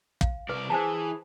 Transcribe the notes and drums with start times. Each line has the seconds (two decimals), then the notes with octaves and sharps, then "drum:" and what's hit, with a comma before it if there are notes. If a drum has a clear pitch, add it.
0.21 F5, drum: kick
0.49 C2 B4 D5
0.70 E3 G#4 C5 G#5 A5